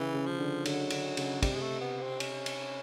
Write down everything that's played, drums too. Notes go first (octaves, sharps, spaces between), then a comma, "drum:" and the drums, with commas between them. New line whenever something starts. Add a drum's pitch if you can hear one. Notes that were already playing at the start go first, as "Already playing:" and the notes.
Already playing: C#3 E3
C#3
C#3 F3
D3
D3 F#3, drum: cymbal
D3, drum: cymbal
C#3, drum: cymbal
C3 G3, drum: kick, cymbal
G#3
A3
B3
C4
C#4, drum: cymbal
drum: cymbal